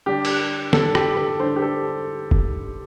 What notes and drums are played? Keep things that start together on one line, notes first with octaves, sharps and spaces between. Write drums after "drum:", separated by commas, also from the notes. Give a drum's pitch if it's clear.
D3 G3 D4 G4
drum: cymbal
D3 G3 D4 A4, drum: snare
G4, drum: rim click
A4
D3 G3 D4 C5
G4
A4
drum: kick